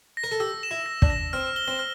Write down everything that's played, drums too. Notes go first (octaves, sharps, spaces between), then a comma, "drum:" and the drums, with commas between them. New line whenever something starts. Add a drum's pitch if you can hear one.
A#6
A#4
A4
G4 E6
E7
E4
A#6
D4, drum: kick
A#6
C4 F6
G7
C4
F6